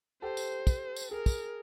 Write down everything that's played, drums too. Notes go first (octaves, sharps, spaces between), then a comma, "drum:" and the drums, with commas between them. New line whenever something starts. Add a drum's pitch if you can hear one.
G4 A4 C5
drum: tambourine
drum: kick, tambourine
drum: tambourine
G#4 A#4
drum: kick, tambourine